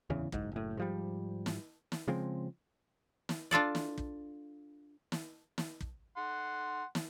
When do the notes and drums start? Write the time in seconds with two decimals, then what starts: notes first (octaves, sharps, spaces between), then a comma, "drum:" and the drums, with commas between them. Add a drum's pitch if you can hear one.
0.10 D1 E2 C#3 E3
0.32 F#1 G#2, drum: kick
0.52 F#1 A2
0.77 G#2 F3 G3
1.46 drum: snare
1.92 drum: snare
2.08 C#3 F3 G#3 C4
3.29 drum: snare
3.51 D4 F4 A4 D5
3.75 drum: snare
3.98 drum: kick
5.12 drum: snare
5.58 drum: snare
5.81 drum: kick
6.17 F#5 C6
6.95 drum: snare